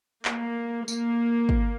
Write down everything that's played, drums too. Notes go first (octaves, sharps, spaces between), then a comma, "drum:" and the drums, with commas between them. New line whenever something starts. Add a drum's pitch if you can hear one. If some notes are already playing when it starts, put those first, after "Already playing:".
A#3, drum: clap
A#3, drum: tambourine
drum: kick